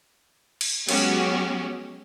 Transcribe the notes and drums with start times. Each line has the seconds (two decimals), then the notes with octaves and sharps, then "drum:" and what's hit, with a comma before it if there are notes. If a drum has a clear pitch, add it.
0.61 drum: cymbal
0.89 F#3 G#3 B3 C#4 F#4 G4, drum: cymbal